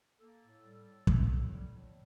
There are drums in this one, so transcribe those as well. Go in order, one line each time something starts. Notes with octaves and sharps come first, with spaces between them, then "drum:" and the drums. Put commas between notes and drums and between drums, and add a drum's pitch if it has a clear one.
A#3 A4
A2
G3
A2
A#3, drum: kick
A2
G3
A2